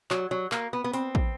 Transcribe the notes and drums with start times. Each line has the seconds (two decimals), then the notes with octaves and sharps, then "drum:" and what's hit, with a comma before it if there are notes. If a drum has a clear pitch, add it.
0.11 F#3, drum: clap
0.31 F#3
0.52 A#3, drum: clap
0.73 B3
0.84 B3
0.94 C4, drum: hi-hat
1.15 drum: kick